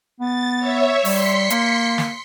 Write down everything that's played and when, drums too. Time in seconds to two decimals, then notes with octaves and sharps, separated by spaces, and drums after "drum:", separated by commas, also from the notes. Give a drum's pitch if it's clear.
0.20 B3 A6
0.59 C#5 E5
1.05 G3 C6 B6 C#7, drum: open hi-hat
1.50 A#3, drum: hi-hat
1.98 drum: snare